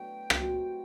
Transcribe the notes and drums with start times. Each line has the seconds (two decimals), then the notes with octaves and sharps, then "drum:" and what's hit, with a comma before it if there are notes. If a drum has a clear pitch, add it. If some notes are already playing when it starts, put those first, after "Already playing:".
Already playing: A2 D3 F#3 B3 F#4 G5
0.30 C3 F#3 C4 F#4, drum: rim click